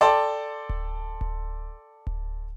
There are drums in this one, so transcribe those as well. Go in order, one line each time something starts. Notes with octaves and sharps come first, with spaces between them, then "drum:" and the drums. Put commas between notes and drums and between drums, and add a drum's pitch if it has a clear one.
A4 D5 G5 A5 C6 D6
drum: kick D1
drum: kick D1
drum: kick D1